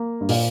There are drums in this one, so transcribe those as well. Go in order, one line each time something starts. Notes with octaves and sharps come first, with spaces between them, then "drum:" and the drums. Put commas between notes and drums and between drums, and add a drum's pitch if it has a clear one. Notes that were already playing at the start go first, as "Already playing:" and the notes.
Already playing: A#3
G2
A#2, drum: open hi-hat